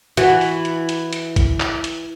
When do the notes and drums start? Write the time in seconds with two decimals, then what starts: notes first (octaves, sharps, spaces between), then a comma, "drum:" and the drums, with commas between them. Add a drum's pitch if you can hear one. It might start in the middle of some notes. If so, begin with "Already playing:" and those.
0.17 E3 F#4, drum: hi-hat
0.41 drum: open hi-hat
0.65 drum: hi-hat
0.89 drum: hi-hat
1.13 drum: hi-hat
1.36 drum: kick, hi-hat
1.60 drum: clap
1.84 drum: hi-hat